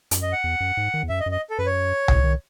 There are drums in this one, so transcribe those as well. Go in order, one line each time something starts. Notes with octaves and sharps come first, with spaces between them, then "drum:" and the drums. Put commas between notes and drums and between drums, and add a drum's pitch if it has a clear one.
F#2, drum: hi-hat
D#5
F#5
E2
F#2
G#2
D#3
E2
F#2 E5
D#5
F#2
D#5
A4
F#2 B4
C#5
A2, drum: tom C2
D#3